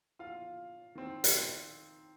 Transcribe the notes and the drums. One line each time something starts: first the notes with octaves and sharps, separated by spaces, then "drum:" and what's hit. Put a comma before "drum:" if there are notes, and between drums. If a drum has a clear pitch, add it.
F4 F5
D#3 C4
drum: hi-hat